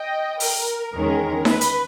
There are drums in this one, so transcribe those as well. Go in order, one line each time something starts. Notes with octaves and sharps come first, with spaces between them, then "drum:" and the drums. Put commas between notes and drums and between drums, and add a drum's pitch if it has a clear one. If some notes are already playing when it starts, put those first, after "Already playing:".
Already playing: D#5 G5
A#4, drum: open hi-hat
E2 D#3 G#3 C#4
B4, drum: snare D#4
drum: hi-hat